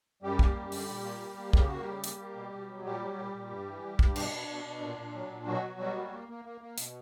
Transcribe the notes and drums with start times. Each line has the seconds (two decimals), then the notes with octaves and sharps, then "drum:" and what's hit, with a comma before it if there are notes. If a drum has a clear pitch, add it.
0.22 F#2 G3 G4
0.39 A#3, drum: kick
0.56 F#2
0.72 D3, drum: open hi-hat
0.89 A#2
1.05 A#3
1.21 A#3
1.38 A#3
1.53 C#3 G4, drum: kick
1.68 A#3 F#4
1.81 G3 G4
1.87 C#3
2.04 A#3, drum: hi-hat
2.19 A#3
2.35 B2
2.53 B2
2.69 F#3
2.84 A#2 G3 G4
3.01 F#3
3.18 A#2
3.33 A#2
3.50 G2
3.67 E3
3.83 G3
3.99 G2, drum: kick
4.16 B2 D4, drum: cymbal
4.32 B2
4.48 B2
4.65 B2
4.81 A#2
4.98 A#2
5.14 F#3
5.30 A#2
5.47 B2 F#3 F#4
5.64 B2
5.80 G3
5.95 A#3
6.12 A#3
6.29 A#3
6.45 A#3
6.61 A#3
6.78 B2, drum: hi-hat